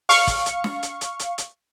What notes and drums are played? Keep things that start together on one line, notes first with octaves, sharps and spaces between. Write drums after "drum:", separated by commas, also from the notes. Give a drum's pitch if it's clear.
F5 C#6, drum: open hi-hat
drum: kick, hi-hat
drum: hi-hat
drum: snare
drum: hi-hat
drum: hi-hat
drum: hi-hat
drum: hi-hat